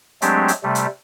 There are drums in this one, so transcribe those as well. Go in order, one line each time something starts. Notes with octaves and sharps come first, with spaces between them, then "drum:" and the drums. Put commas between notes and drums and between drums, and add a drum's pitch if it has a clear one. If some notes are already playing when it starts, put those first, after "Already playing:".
F#3 G#3 A3 C4 D4 G4, drum: hi-hat
drum: hi-hat
C3 G3 A3
drum: hi-hat